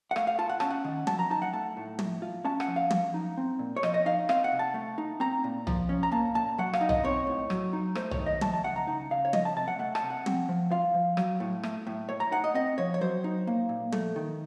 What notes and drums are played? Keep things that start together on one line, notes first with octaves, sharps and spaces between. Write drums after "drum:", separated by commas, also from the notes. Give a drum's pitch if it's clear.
F#5
A3 F5, drum: rim click
F5
F4 A5
F#5
C#4 A5, drum: rim click
F#5
D#3
F#3 A5, drum: tom
A#5
D#4 A5
F#5
A3 A5
A2
A3, drum: tom
F4
C#4 A5
F#5, drum: rim click
F3
F5
F3, drum: tom
D#4
C4
A#2
C#5
F3 D#5, drum: rim click
D#5
D#4 F5
C4 F5, drum: rim click
F#5
C3
A5
A3
D#4
C4 A#5
A#2
F3, drum: tom
C#4
A#5
A#3 A5
A#2 A5
F#3 F#5
F5, drum: rim click
D#4
D#5, drum: tom
C4 C#5
A2
F#3, drum: rim click
D#4
A3 C5, drum: rim click
C#5, drum: tom
D#3
D#5
A3 A5, drum: tom
A5
C#3 F#5
A#5
D#4
C#3 F5
C#5
F3 D#5, drum: tom
A5
C3 A5
F#5
A3 F#5
A5, drum: rim click
C3
F#5
C4, drum: tom
F3
F4 F5
F3
F#3, drum: rim click
A2
A3, drum: rim click
A2
A3 C#5
A#5
D#4 F#5
D#5
C4 D#5
F3 C#5
C#5
F#3 C5
D#4
A#3
A#2
A3, drum: tom
D#3